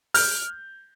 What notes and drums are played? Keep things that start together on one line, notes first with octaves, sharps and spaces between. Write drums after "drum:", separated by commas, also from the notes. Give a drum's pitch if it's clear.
F6 G6, drum: open hi-hat